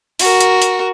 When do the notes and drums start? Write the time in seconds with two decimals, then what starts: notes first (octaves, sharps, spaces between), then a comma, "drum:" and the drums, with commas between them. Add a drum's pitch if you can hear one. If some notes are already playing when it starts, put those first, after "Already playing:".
0.19 F#4 A#4, drum: open hi-hat
0.41 drum: hi-hat
0.62 drum: hi-hat